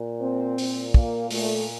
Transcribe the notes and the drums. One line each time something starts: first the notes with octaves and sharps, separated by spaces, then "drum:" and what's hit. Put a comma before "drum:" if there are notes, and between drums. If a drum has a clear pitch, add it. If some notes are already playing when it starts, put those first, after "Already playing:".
Already playing: A#2
C4
A#2, drum: open hi-hat
A#3, drum: kick
A#2 A3, drum: open hi-hat